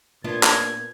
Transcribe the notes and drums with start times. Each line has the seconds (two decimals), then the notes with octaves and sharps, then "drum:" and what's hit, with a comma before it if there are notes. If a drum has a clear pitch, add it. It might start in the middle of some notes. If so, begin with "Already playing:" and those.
0.24 A#2 B3 D4 F4 G#6
0.43 drum: clap